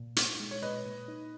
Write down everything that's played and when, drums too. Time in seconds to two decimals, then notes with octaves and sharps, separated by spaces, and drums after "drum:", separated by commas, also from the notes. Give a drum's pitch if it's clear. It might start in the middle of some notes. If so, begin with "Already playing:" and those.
Already playing: A#2
0.16 D#4, drum: hi-hat
0.40 G#3
0.51 C#5
0.62 A#2 B4 D#5
0.85 A#2
1.08 D#4